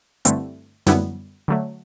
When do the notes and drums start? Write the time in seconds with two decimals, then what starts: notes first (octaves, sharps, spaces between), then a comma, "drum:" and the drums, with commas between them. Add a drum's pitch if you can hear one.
0.25 G2 D3 A3 C4 E4, drum: hi-hat
0.87 F#2 D3 G3 B3 E4, drum: snare
1.48 D3 F#3 A3